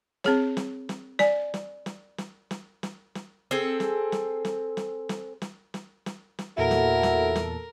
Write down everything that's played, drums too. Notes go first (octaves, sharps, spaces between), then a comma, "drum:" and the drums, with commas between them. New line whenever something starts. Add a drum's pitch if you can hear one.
C4 G#4 C#5, drum: snare
drum: snare
drum: snare
D5 G#5, drum: snare
drum: snare
drum: snare
drum: snare
drum: snare
drum: snare
drum: snare
C4 G#4 A4
drum: snare
drum: snare
drum: snare
drum: snare
drum: snare
drum: snare
drum: snare
drum: snare
drum: snare
E2 A#2 E4 F#4 A4 A#4
drum: snare
drum: snare
drum: snare